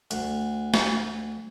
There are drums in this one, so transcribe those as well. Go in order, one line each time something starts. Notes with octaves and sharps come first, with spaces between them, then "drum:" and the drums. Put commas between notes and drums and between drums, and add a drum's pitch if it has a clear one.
D2, drum: hi-hat
drum: snare